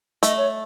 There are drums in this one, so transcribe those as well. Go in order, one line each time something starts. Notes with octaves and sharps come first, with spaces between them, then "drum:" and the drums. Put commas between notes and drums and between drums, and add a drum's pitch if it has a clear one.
A3 D#5, drum: hi-hat
C#5